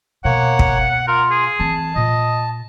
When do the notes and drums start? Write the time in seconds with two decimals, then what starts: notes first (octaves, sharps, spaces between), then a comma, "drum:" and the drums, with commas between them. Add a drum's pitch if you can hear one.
0.25 B2 A#3 C#5 F#5
0.59 drum: kick
1.08 F4 A#4
1.31 G#4
1.59 E3 C4 A5
1.96 A#2 D#5